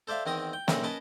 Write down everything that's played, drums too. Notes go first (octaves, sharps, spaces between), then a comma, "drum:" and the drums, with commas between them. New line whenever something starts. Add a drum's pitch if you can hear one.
A4 C5 D5 E5 F5
E2 D#3 C4 A#4 D#6
G5
B1 A#2 C#3 E3 C4 A#4, drum: snare
C#4 A#4 B4 D#5 A5